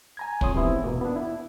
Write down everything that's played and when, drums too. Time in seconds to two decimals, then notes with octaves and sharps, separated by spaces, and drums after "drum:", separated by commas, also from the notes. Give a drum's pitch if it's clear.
0.17 G#5 A#5 G#6
0.41 F2 C#5 C6 D#6, drum: kick
0.54 G#2 C3 E3 B3 E4
0.84 E2 B2 A#3
1.01 B3 D4
1.16 E4